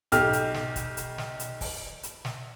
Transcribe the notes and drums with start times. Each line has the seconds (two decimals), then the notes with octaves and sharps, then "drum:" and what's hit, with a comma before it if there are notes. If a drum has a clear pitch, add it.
0.12 B1 G4 F6, drum: hi-hat
0.33 drum: hi-hat
0.54 drum: snare
0.76 drum: kick, hi-hat
0.97 drum: hi-hat
1.18 drum: snare
1.40 drum: hi-hat
1.61 drum: kick, open hi-hat
2.03 drum: hi-hat
2.25 drum: snare